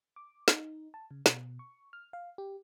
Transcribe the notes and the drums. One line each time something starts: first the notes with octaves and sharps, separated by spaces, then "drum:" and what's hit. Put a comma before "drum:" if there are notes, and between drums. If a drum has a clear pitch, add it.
D6
D#4, drum: snare
A5
C#3
B2, drum: snare
C#6
F6
F5
G4